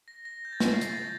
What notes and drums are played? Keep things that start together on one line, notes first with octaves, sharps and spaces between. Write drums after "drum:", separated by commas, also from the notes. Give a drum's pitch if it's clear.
A#6
A#6
G6
A6
A#6, drum: snare
C7
A#6, drum: hi-hat
A6
G6